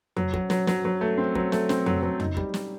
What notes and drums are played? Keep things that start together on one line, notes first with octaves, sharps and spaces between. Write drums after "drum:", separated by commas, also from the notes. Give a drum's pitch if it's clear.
F#3, drum: tom F2
F#3, drum: kick
F#3, drum: snare
F#3, drum: snare
F#3
A3
C4
F#3, drum: kick
A3, drum: snare
C4, drum: snare
F#3, drum: tom F2
F#3
D#4, drum: tom F2
G3, drum: kick
G3, drum: snare